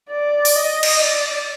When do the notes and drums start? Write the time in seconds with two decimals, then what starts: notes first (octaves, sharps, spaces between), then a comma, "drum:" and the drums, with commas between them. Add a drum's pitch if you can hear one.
0.10 D5
0.45 drum: open hi-hat
0.56 D#5
0.83 drum: cymbal
1.02 D5